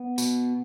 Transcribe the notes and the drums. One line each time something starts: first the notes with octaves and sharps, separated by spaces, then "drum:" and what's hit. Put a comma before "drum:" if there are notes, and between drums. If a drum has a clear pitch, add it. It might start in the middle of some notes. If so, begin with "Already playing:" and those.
Already playing: B3
B2, drum: tambourine